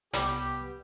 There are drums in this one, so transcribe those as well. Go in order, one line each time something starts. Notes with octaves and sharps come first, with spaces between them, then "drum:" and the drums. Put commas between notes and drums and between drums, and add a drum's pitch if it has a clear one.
C2 G3 B3 G4 D6, drum: hi-hat